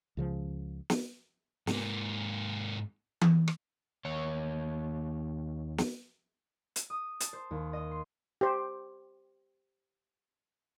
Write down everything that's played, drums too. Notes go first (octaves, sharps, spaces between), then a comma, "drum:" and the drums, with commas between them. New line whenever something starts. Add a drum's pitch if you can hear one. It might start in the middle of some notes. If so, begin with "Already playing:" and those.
C#2 C#3 F3
drum: snare
G#2 A#3, drum: snare
drum: tom E3
drum: rim click
D#2 C#5
drum: snare
drum: hi-hat
D#6
A5, drum: hi-hat
C5
D#2
D#5
C6
G4 C5